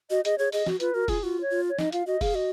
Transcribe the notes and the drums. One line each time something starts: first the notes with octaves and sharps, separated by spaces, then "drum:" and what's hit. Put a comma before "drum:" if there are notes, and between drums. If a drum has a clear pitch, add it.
F#4 D#5
G#4 D#5, drum: hi-hat
G#4 C#5
G#4 D#5, drum: open hi-hat
F#4, drum: snare
F4 B4, drum: hi-hat
F#4 A#4
F4 G#4, drum: kick F1, open hi-hat
F4 F#4
C#5
F4
C#5
D#4 D#5, drum: snare
F4 F5, drum: hi-hat
F#4 D#5
G#4 F5, drum: kick F1, open hi-hat
F#4 D#5